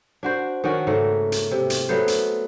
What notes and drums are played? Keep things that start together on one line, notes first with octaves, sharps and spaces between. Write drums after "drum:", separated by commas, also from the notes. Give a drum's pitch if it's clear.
D4 F#4 C5
D#3 C#4 D4 F#4
G#2 C#3 A3 A#3
drum: hi-hat
C3
drum: hi-hat
F#3 A3 B3 C5
drum: hi-hat